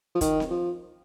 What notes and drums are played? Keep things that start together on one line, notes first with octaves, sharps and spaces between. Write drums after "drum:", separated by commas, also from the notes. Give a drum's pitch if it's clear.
F3
D#3, drum: kick, hi-hat
drum: snare C4
F3